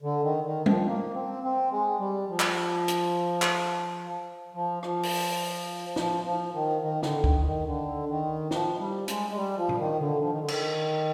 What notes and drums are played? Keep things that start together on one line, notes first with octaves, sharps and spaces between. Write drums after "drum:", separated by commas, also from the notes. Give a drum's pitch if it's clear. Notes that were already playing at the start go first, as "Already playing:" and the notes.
D3
D#3
D#3
F3, drum: tom G3
A#3
C4
C4
G#3
G3
F3
drum: clap
drum: hi-hat
drum: clap
F3
F3, drum: rim click
drum: open hi-hat
F3, drum: snare
F3
D#3
D#3
D3, drum: snare
D#3, drum: kick
D#3
D3
D#3
F3, drum: snare
G3
G#3, drum: hi-hat
G#3
G3
F3
drum: tom B2
D#3
D3
F3
D#3
D3
D#3, drum: cymbal